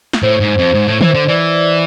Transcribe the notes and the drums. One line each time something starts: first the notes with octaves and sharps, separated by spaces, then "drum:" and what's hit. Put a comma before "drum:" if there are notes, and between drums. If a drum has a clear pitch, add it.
drum: snare
A2 C5
G#2
F2
G#2
A2
E3, drum: tom
D3
E3 D5